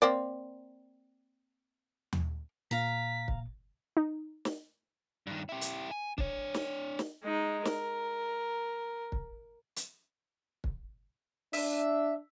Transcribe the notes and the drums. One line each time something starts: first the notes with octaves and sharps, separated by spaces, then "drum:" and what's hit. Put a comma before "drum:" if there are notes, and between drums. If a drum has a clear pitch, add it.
A#3 C4 D5
drum: tom D#2
A#2 F5 A#5 B6
drum: kick
D#4
drum: snare
G2 D#3
E4 G4
drum: hi-hat
G#5
D4 C#5, drum: kick
drum: snare
drum: snare
G#3 D#4
A#4, drum: snare
drum: kick
drum: hi-hat
drum: kick
D4 E5, drum: open hi-hat